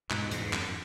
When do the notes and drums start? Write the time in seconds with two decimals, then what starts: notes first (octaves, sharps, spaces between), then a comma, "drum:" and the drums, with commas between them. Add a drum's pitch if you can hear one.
0.10 G#2 B2, drum: clap
0.31 E2 G#2, drum: hi-hat
0.53 F#2, drum: clap